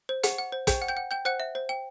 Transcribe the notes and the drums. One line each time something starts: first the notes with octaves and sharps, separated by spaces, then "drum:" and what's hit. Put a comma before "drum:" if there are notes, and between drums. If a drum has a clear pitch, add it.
C5
F#5, drum: hi-hat
F#5
C5
C5 G5 G6, drum: kick, hi-hat
F#5
G5 G6
F#5
G5 G6
C5 F#5 F#6
E5
C5
G5